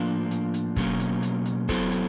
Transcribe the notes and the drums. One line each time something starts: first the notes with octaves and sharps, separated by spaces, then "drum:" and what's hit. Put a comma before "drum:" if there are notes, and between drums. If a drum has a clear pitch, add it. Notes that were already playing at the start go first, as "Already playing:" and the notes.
Already playing: A2 F3 A#3 D4
drum: hi-hat
drum: hi-hat
B2 F#3 A#3 C#4, drum: kick, hi-hat
drum: hi-hat
drum: hi-hat
drum: hi-hat
F#3 B3 E4 A4 C5, drum: kick, hi-hat
drum: hi-hat